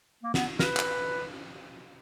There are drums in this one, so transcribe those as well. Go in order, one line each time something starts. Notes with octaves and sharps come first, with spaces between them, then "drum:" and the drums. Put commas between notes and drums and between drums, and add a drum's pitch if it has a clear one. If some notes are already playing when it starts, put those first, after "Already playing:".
A#3
B3, drum: snare
A#4, drum: snare
B4
drum: clap